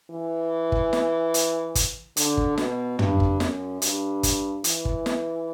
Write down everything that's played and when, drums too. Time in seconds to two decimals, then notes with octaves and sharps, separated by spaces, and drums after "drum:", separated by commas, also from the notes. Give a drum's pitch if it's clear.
0.10 E3
0.72 drum: kick
0.93 drum: snare
1.34 drum: hi-hat
1.75 drum: kick, hi-hat
2.17 D3, drum: hi-hat
2.37 drum: kick
2.58 B2, drum: snare
2.99 G2, drum: tom
3.20 drum: kick
3.40 F#2, drum: snare
3.82 G2, drum: hi-hat
4.23 drum: kick, hi-hat
4.64 E3, drum: hi-hat
4.85 drum: kick
5.06 drum: snare